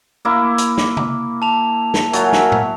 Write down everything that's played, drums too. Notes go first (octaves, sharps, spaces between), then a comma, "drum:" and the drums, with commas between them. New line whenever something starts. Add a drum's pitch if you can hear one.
A#3 E4
drum: hi-hat
drum: snare
drum: tom C3
A5 F7
drum: snare
F#3 F4 F#4 A#4 E5 G#5, drum: hi-hat
drum: snare
drum: tom A2